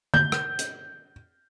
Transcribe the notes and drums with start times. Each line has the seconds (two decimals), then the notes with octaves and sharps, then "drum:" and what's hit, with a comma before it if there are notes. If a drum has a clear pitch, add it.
0.14 G6, drum: tom D3
0.32 drum: rim click
0.59 drum: hi-hat